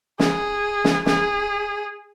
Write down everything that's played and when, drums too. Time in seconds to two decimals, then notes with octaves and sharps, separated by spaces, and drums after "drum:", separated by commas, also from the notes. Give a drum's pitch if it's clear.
0.19 G#4, drum: snare
0.84 drum: snare
1.06 G#4, drum: snare